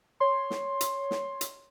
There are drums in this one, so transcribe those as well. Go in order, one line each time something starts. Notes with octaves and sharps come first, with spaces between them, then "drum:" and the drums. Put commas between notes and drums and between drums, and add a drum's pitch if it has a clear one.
C#5 C6
drum: snare
drum: hi-hat
drum: snare
drum: hi-hat